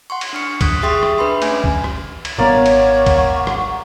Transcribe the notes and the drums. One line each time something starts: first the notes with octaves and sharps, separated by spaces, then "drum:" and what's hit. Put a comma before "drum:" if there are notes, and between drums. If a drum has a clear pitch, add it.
F#5 C6 C#6
drum: cymbal
D4 F6 C#7
C#6 D#6 F#6 B6, drum: kick C#2, cymbal
G4 G#4 E5 G5 C6 D#6
drum: rim click
D4 B4 E5 B5 C6
A3 C#4 G#5, drum: cymbal
drum: kick C#2
drum: rim click
drum: cymbal
G#1 B3 A#4 C#5 D5 F5 F#5 C#6
drum: cymbal
drum: kick C#2, cymbal
drum: rim click